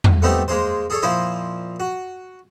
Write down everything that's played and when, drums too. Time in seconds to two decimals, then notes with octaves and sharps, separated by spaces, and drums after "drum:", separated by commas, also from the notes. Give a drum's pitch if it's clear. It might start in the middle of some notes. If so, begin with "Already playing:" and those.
0.04 drum: tom E2
0.22 A3 B3 C4 D#4 G4 A4
0.48 G#3 A#3 G#4 C5
0.90 G#4 A4 C#5
1.02 A#2 F3 E4 C5 D#5 G#5
1.80 F#4